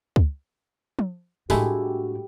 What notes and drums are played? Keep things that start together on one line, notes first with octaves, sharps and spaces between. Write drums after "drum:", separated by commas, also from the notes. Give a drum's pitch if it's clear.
drum: kick
drum: tom
A2 G#3 A3 D4 E4 F#4 G4, drum: open hi-hat